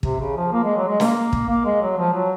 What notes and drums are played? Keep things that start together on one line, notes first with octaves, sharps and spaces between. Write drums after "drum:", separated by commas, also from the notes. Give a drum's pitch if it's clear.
C3, drum: kick
C#3
F3
A#3
G#3
F#3
G#3
A#3, drum: snare
drum: kick
A#3
G#3
F#3
F3
F#3